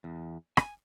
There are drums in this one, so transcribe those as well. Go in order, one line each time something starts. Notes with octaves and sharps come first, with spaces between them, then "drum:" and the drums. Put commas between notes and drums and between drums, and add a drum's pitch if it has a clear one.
E2
G#5, drum: rim click